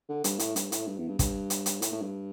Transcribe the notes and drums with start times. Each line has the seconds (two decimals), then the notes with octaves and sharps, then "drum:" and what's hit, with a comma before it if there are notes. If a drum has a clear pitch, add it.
0.09 D3
0.24 G2, drum: hi-hat
0.39 A2, drum: hi-hat
0.56 G2, drum: hi-hat
0.72 A2, drum: hi-hat
0.88 G2
0.98 E2
1.09 G2
1.19 G2, drum: kick, hi-hat
1.50 drum: hi-hat
1.66 drum: hi-hat
1.82 A2, drum: hi-hat
1.92 A2
2.02 G2